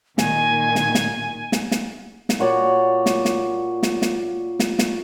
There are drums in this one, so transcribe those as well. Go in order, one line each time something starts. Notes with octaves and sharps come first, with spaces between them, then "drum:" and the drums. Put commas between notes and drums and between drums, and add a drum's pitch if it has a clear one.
A#2 D#3 G#5, drum: snare
drum: snare
drum: snare
drum: snare
drum: snare
drum: snare
A#2 F#4 C#5 D5
drum: snare
drum: snare
drum: snare
drum: snare
drum: snare
drum: snare